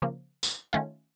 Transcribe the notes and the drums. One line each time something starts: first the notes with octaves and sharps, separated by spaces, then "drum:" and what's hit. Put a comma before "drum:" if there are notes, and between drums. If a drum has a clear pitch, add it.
C#3 F3 A#3
drum: tambourine
D#3 A3 C#4 F4